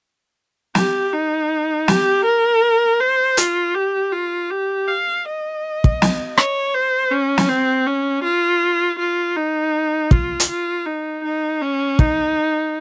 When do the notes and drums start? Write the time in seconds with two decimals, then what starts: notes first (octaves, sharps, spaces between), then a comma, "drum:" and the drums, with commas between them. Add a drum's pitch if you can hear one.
0.75 G4, drum: snare
1.13 D#4
1.88 G4, drum: snare
2.24 A#4
3.00 C5
3.37 F4, drum: hi-hat
3.75 G4
4.12 F4
4.50 G4
4.87 F5
5.25 D#5
5.84 drum: kick
6.02 drum: snare
6.38 C#5, drum: rim click
6.74 C5
7.11 C#4
7.38 drum: snare
7.49 C4
7.86 C#4
8.24 F4
8.99 F4
9.36 D#4
10.11 F4, drum: kick
10.40 drum: hi-hat
10.50 F4
10.86 D#4
11.24 D#4
11.62 C#4
11.99 D#4, drum: kick